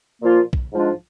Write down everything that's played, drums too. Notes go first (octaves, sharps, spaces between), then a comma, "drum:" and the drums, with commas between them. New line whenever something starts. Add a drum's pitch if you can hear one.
A#2 F3 A#3 F4
drum: kick
G#2 F3 G#3 D4 F4